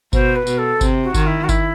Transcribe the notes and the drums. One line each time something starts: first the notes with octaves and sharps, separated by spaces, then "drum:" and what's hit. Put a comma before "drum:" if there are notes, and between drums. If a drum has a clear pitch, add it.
B2 C5, drum: kick G1, tambourine
B4
B2, drum: tambourine
A4
C3, drum: kick G1, tambourine
F#4
D#3, drum: kick G1, tambourine
E4
F#4
E4, drum: kick G1, tambourine